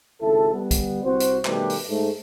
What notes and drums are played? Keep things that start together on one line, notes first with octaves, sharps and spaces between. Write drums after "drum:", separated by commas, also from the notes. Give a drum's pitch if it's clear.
G#1 C#3 E4 A4
G3 B3
drum: kick, hi-hat
C2 C4 F#4 C5
drum: hi-hat
B2 D#3 G3 A3 G4 B4, drum: clap
drum: open hi-hat
G#2 A3